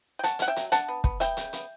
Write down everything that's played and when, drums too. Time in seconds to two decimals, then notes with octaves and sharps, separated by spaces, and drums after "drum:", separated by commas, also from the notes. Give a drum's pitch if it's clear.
0.19 G5
0.23 C#4 F#5 A5, drum: hi-hat
0.39 C#4 F#5, drum: hi-hat
0.48 E5 G5
0.56 F#3, drum: hi-hat
0.72 D4 F#5 A5, drum: hi-hat
0.88 B3
1.04 B3, drum: kick
1.20 B3 E5 G5, drum: hi-hat
1.37 C#3, drum: hi-hat
1.53 B3, drum: hi-hat